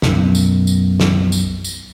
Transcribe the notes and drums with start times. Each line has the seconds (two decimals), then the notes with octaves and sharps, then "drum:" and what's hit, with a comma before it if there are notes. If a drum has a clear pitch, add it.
0.02 B1 F#2, drum: snare
0.35 drum: tambourine
0.67 drum: tambourine
1.00 drum: snare
1.32 drum: tambourine
1.64 drum: tambourine